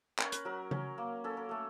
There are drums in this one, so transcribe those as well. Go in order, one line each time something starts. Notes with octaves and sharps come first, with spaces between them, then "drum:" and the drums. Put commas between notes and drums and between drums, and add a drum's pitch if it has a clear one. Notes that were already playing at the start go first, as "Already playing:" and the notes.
C#4 A#4, drum: clap
B4, drum: hi-hat
F#3 A#4
C#4, drum: tom C#3
A#3
C#4 A4
A#4
A3 A4